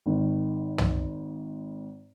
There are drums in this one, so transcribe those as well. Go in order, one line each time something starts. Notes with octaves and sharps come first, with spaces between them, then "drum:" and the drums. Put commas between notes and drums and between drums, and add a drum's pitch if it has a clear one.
G#1 D#3
drum: tom